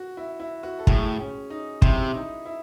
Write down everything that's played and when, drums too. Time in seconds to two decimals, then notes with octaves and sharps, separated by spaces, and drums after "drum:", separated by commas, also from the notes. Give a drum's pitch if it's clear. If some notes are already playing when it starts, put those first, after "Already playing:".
Already playing: F#4
0.17 E4
0.40 E4
0.63 F#4
0.79 A4
0.87 A2 G#4, drum: kick
1.19 C#4
1.50 D#4
1.82 C3 E4, drum: kick
2.14 D#4
2.46 E4